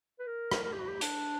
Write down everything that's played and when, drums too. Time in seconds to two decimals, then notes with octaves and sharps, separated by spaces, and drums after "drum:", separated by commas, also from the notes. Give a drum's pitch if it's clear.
0.19 B4
0.27 A#4
0.51 drum: rim click
0.63 A#4
0.73 G4
0.79 F#4
0.88 G4
1.01 D4, drum: hi-hat